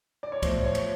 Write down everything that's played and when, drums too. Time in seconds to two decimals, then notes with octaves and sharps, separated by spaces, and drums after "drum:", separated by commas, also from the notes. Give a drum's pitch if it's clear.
0.23 D5
0.32 C#5
0.43 A2 F3 C5, drum: kick, cymbal
0.64 C#5
0.75 drum: cymbal